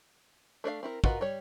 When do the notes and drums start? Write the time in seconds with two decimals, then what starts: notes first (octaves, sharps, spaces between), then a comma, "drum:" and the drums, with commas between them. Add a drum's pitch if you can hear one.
0.64 A3 D4 C#5 F5
0.83 C4 E4 A#4
1.04 F4 F#4 A#4 B4 D#5, drum: kick
1.21 G3 C#5